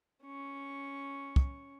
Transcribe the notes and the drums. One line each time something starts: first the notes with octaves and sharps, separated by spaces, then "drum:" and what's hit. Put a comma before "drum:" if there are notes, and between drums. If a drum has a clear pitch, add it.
C#4 C#6
drum: kick